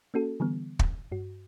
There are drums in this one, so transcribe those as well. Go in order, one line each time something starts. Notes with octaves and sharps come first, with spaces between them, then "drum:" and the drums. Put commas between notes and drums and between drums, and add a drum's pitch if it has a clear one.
A#3 C#4 F#4 A4
D3 E3 G3 B3
drum: kick
G2 F#4